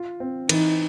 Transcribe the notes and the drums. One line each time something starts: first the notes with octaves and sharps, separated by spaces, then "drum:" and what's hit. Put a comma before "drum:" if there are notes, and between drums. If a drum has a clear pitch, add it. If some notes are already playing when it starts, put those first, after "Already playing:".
Already playing: F4
C4
E3 D#4, drum: cymbal